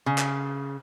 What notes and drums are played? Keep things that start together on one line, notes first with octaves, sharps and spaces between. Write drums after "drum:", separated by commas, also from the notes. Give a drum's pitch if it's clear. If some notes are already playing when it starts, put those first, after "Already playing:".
C#3
drum: clap